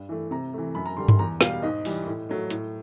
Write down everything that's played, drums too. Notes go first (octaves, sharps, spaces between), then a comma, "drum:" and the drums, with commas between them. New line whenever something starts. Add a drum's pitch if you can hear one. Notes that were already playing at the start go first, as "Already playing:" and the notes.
Already playing: G2
E3 A3
C3 A#5
E3 A3
F#2 B5
A#5
D3 G3 C6
C6, drum: tom G2
E2 A#5
B2 G3 F5, drum: snare
G#2 D#5
E3 G3, drum: open hi-hat
A2
F#3 A3
A2, drum: hi-hat